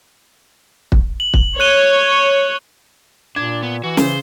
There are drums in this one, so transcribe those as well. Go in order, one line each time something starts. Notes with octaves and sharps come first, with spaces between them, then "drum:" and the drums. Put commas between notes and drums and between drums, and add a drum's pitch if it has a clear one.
drum: kick
F#7
drum: kick
C#5 F#6 D#7 G7
A#2 D4 G#6
B3
E3 F#4
C#3 C5, drum: snare